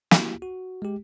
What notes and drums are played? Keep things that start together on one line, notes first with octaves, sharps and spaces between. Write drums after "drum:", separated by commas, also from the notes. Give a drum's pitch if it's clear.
A#3 E4 F#4 G4, drum: snare
F#4
G#3 G4